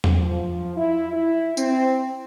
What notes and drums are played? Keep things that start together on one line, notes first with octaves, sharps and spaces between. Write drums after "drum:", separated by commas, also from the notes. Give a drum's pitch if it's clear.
drum: tom
F3
E4
E4
C4, drum: tambourine